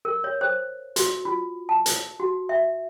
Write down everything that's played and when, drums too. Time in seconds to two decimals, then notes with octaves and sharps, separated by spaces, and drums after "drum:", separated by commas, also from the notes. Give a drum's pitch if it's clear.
0.05 A#4
0.24 C#5
0.41 C5
0.96 F#4, drum: hi-hat
1.25 F4
1.69 A5
1.86 drum: hi-hat
2.20 F#4
2.49 E5